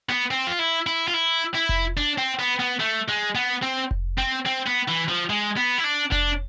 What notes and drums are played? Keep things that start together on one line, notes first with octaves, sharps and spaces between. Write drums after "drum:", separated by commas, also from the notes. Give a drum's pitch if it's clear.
B3
C4
F4
E4
E4
F4
E4
E4
drum: kick F1
D4
C4
B3
B3
A3
G#3
B3
C4
drum: kick F1
C4
C4
B3
E3
F3
G#3
B3
E4
D4
D4, drum: kick F1